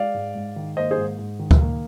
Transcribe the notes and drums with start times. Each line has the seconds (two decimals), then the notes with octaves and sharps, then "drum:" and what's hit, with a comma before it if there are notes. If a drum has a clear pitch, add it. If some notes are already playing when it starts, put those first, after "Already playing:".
Already playing: G#3 D5 F5
0.14 G#2
0.35 G#2
0.56 D#3
0.77 A#3 C5 D#5
0.91 G#4 C5
0.97 G#2
1.19 G#2
1.39 D#3
1.51 drum: kick D2
1.60 A#3